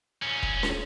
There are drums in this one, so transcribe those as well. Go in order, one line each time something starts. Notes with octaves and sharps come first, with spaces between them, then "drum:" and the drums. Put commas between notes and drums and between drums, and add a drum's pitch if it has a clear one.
A#2 C#4
drum: kick
drum: snare